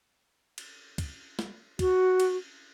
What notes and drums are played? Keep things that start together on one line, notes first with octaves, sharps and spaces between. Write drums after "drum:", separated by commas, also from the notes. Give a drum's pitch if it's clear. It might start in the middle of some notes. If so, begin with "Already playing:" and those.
drum: cymbal
drum: kick, cymbal
drum: snare
F#4, drum: kick, cymbal
drum: cymbal